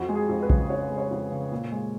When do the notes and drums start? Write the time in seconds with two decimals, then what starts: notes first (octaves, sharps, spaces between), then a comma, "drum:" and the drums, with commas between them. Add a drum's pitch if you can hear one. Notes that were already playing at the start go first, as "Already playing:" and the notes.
Already playing: F2 F#4
0.09 G#3
0.15 G#4
0.29 F2
0.43 B4
0.50 C#3, drum: kick A#1
0.70 F2 C#5
0.90 G#3
0.98 C#5
1.11 F2
1.31 C#3
1.52 A#2
1.72 G#3